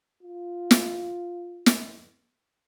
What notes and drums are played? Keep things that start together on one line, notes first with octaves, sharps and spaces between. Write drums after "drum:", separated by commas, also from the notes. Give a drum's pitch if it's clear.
F4
drum: snare
drum: snare